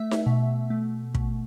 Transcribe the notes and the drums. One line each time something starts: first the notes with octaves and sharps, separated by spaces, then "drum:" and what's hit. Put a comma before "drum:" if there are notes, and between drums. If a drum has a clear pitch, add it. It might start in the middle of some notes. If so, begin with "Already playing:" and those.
Already playing: A3 E5
drum: snare D#4
B2
A3
B2, drum: kick